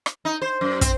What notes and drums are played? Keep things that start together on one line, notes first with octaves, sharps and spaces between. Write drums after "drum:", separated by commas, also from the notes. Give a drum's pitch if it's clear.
drum: rim click
D#4
C5
F#2
C4, drum: kick, hi-hat